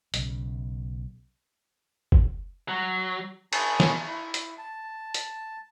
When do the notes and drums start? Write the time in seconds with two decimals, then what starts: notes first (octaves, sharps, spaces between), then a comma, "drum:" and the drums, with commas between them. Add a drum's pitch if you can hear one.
0.14 B1 C#3, drum: hi-hat
2.12 drum: kick F#1
2.68 F#3
3.53 G#4 A#4 C#5 G#5 A5 B5, drum: cymbal
3.80 drum: snare
4.07 E4
4.34 drum: hi-hat
4.58 A5
5.14 drum: hi-hat